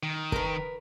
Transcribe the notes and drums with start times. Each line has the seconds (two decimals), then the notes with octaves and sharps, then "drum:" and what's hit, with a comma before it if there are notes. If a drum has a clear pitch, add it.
0.03 D#3
0.32 A#4 B4, drum: kick